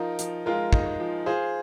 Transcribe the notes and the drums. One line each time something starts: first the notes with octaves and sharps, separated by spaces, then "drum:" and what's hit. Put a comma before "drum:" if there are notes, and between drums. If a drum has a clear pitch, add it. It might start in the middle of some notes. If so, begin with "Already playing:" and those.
Already playing: F3 D#4 F4 A#4
F3, drum: hi-hat
G#3 F4 A#4
D#4, drum: kick
F3
F4 G#4 C5